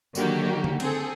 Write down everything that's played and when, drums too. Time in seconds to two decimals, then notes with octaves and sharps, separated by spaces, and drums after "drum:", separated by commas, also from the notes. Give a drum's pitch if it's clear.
0.15 D3 D#3 F#3 A#3 F#4 G4, drum: tambourine
0.64 drum: tom D3
0.80 C4 G#4 A4, drum: cymbal